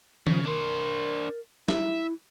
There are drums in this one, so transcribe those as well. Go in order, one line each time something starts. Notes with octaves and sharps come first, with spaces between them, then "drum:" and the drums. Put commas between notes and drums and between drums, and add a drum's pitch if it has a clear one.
C#3 F3, drum: tom D#3
D4 A#4 C5
E4 E5, drum: snare